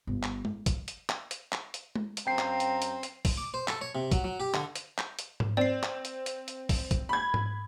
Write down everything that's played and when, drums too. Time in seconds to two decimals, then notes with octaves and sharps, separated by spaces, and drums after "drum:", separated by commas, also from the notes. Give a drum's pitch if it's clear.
0.07 G1
0.23 drum: clap
0.45 drum: tom G#3
0.66 drum: kick, hi-hat
0.88 drum: hi-hat
1.09 drum: clap
1.31 drum: hi-hat
1.52 drum: clap
1.74 drum: hi-hat
1.96 drum: tom G#3
2.17 drum: hi-hat
2.27 F#2 C4 F5 G5 A#5 C7
2.39 drum: clap
2.60 drum: hi-hat
2.82 drum: hi-hat
3.03 drum: hi-hat
3.25 drum: kick, open hi-hat
3.37 D6
3.54 C5
3.68 A4, drum: clap
3.81 C#5
3.95 C3
4.12 F#3, drum: kick, hi-hat
4.24 F#3
4.40 G4
4.54 D3, drum: clap
4.75 drum: hi-hat
4.98 G6, drum: clap
5.19 drum: hi-hat
5.40 drum: tom G#2
5.57 C4 D5 C7
5.83 drum: clap
6.05 drum: hi-hat
6.26 drum: hi-hat
6.48 drum: hi-hat
6.69 drum: kick, open hi-hat
6.91 drum: kick, hi-hat
7.09 B5 G#6
7.34 drum: tom G#2